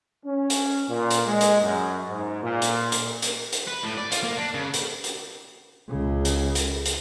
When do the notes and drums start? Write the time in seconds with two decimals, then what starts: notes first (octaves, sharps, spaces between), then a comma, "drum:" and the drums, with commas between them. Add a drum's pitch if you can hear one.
0.25 C#4
0.50 drum: hi-hat
0.88 A#2
1.10 drum: hi-hat
1.26 G#3
1.41 drum: hi-hat
1.62 F#2
2.09 G#2
2.43 A#2
2.62 drum: hi-hat
2.92 drum: hi-hat
3.22 drum: hi-hat
3.52 drum: hi-hat
3.68 B4
3.84 A2
3.98 D5
4.12 F4, drum: hi-hat
4.23 A#3
4.37 D4
4.54 C#3
4.74 drum: hi-hat
5.04 drum: hi-hat
5.89 C#2 C#3
6.25 drum: hi-hat
6.55 drum: hi-hat
6.85 drum: hi-hat